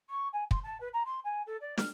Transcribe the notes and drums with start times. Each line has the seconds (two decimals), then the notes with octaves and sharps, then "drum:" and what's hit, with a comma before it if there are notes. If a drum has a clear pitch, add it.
0.09 C#6
0.33 G#5
0.51 C6, drum: kick
0.64 A5
0.80 B4
0.93 A#5
1.05 C6
1.24 G#5
1.46 A4
1.60 D5
1.77 F6, drum: snare